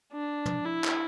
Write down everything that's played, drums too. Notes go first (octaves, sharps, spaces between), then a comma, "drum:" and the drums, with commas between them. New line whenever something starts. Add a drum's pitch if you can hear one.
D4
drum: tom
E4
drum: clap